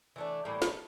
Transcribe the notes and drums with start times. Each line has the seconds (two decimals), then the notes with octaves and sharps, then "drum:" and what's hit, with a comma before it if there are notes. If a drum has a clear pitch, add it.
0.16 E3 A3 D4
0.45 A2 E3 G3 A#3
0.62 drum: snare